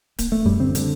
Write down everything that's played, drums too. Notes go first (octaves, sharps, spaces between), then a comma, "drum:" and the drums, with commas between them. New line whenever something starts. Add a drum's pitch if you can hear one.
A#3, drum: kick D1, hi-hat
A3
F#2 G3
D3 C4
D3, drum: hi-hat